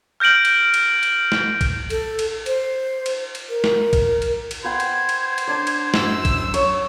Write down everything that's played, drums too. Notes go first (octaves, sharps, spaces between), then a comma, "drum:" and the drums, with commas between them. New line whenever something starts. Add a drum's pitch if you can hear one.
F6 G6 A#6 D7 F#7
drum: cymbal
drum: cymbal
drum: cymbal
drum: snare
drum: kick, cymbal
A4, drum: cymbal
drum: cymbal
C5, drum: cymbal
drum: cymbal
drum: cymbal
A#4
drum: snare
drum: kick, cymbal
drum: cymbal
drum: cymbal
B4 C5 F#5 G5 G#6
drum: cymbal
drum: cymbal
drum: cymbal
D4 D5
drum: cymbal
F#2 E6, drum: snare
drum: kick, cymbal
C#5, drum: cymbal